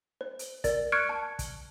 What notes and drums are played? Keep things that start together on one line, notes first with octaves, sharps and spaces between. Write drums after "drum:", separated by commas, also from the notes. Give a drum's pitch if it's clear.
C5
drum: hi-hat
A#4 D5 A6, drum: kick, hi-hat
C#6 F6 F#6 G#6 C#7 D7
A5
drum: kick, hi-hat